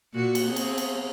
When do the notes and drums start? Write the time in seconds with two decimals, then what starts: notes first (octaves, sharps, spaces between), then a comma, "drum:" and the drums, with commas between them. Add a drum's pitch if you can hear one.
0.14 A#2 F#4
0.35 drum: cymbal
0.47 B3 C4 G#4
0.56 drum: cymbal
0.78 drum: cymbal